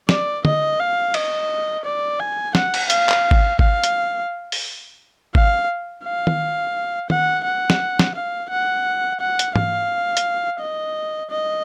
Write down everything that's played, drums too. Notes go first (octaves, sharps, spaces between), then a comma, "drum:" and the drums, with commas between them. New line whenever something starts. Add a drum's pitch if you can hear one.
D5, drum: snare
D#5, drum: tom
F5
D#5, drum: cymbal
D5
G#5
F#5, drum: snare
drum: cymbal
F5, drum: hi-hat
drum: clap
drum: kick G#1
F5, drum: kick G#1
drum: hi-hat
drum: open hi-hat
F5, drum: kick G#1
F5
drum: tom D#3
F#5, drum: tom D#3
F#5
drum: snare
drum: snare
F5
F#5
F#5
drum: hi-hat
F5, drum: tom
drum: hi-hat
D#5
D#5